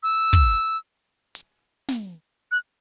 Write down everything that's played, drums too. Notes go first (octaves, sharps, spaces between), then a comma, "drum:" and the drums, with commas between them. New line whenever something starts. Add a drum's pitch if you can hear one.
E6
drum: kick
drum: hi-hat
drum: snare
F#6